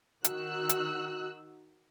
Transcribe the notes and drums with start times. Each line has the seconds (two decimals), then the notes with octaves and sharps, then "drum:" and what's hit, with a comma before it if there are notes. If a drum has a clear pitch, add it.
0.24 D#3 D#4 F#4 E6 F#6, drum: hi-hat
0.69 drum: hi-hat